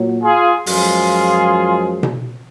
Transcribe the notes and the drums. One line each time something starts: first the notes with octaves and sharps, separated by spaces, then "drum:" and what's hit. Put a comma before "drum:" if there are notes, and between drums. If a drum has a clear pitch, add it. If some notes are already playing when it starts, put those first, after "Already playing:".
Already playing: A#2 F#3
F4 G#4
F#2 F3 G#3 F4 G#4, drum: open hi-hat
drum: tom B2